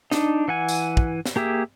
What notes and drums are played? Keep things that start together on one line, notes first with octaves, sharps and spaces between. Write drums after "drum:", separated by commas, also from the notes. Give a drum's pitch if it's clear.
D4 D#4, drum: snare
E3 F#5 G#5
drum: tambourine
drum: kick
drum: snare
A#3 G4 G#4 E5